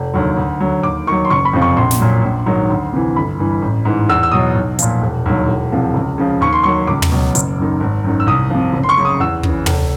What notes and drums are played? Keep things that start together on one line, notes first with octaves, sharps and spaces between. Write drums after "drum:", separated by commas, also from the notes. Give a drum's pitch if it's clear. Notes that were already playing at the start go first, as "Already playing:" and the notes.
Already playing: F1
D#2 D3 F#3
D2
D3 F#3
D#2 D6
D#3 F#3 C#6
C6
F#1 C#6
B5
F2 C3 F3
C#6
A#1 C6
drum: snare
A#2 F#3
A#1
G#2 D#3 F#3
D2
C3 E3
G1 B5
G2 E3
A1
G#2 E3
E2 E6
E6
B2 F#3 D#6
B1
A#2 F3, drum: hi-hat
E1
D#2 D3 F#3
E1
E2 C3 F3
C#2
C#3 F3
D#2 C#6
C6
D#3 F#3 C#6
C#2 D6
drum: tom
B2 F#3
F#1, drum: hi-hat
F#2 D#3
G#1
F#2 D#3
E6
C2 D#6
C3 F3
F#1
C6
C#6
F#2 C#3
D#6
E2 E6
C#3 E3, drum: kick
F1, drum: tom